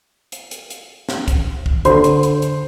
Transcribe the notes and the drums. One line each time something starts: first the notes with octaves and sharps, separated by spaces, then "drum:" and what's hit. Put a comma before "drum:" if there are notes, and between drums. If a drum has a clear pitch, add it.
drum: hi-hat
drum: hi-hat
drum: hi-hat
drum: snare
drum: kick, hi-hat
drum: kick
D3 C5 C6, drum: hi-hat
drum: hi-hat
drum: hi-hat
drum: hi-hat